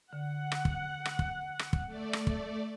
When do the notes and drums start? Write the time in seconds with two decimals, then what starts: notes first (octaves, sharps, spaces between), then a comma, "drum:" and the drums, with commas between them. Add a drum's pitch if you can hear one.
0.13 D3 F#5
0.52 drum: rim click
0.65 drum: kick
1.05 drum: rim click
1.19 drum: kick
1.59 drum: rim click
1.73 drum: kick
1.86 A3 D5
2.13 drum: rim click
2.27 drum: kick